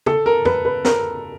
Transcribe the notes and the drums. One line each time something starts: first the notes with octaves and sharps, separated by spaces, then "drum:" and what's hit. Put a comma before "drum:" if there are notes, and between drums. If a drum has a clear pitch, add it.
A4, drum: tom
A#4
B4, drum: tom
B4
A#4, drum: snare